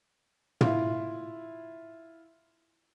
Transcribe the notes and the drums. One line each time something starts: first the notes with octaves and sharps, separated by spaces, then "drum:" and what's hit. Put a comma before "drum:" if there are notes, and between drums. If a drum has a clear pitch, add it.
E4 F4, drum: tom